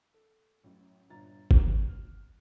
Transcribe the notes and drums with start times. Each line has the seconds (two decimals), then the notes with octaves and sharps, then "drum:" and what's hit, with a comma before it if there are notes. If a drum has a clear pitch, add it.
0.14 A4
0.63 A1 F#2
1.10 G1 A#2 D4 F4 A#5 A6
1.51 A#5 C#6 D6 F#6 G6, drum: kick G1
1.88 F6